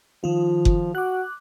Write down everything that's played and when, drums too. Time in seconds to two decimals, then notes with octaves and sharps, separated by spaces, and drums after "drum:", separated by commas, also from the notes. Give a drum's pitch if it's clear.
0.24 D#3 F3 F4
0.65 drum: kick F#1
0.95 F#4 D6 F#6